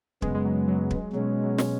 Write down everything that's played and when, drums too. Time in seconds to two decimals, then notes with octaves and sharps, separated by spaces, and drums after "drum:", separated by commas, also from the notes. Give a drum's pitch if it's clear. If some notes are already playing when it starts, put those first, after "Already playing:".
0.22 F#2 C#3 G#3 B3, drum: kick
0.34 G#3
0.45 F#3
0.68 F#3
0.91 drum: kick
1.13 B2 F#3 G#3 C#4
1.43 F#3
1.58 drum: snare